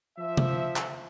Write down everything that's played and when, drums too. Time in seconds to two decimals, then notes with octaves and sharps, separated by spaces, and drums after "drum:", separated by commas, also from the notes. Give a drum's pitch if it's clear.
0.18 F3 E5
0.37 drum: tom
0.76 drum: clap